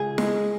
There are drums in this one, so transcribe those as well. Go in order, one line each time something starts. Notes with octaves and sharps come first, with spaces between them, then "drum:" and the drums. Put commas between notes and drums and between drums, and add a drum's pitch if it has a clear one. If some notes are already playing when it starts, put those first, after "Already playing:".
Already playing: C#2 G#4
G#3, drum: snare